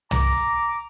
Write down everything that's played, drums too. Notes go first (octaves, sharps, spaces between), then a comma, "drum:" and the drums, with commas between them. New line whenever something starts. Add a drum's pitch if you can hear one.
A#5 D6, drum: tom